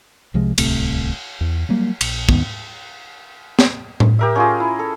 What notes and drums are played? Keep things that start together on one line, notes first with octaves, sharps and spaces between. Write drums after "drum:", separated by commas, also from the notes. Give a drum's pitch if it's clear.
C2 C3 F3 G#3
D1 C2 C3 A3, drum: cymbal
E2
F#3 G3 A#3
A#1, drum: cymbal
D#2 G#2 D#3 B3, drum: kick
drum: snare
drum: tom A2
G4 A#4 E5
C#4 F4 G#4
E4
A4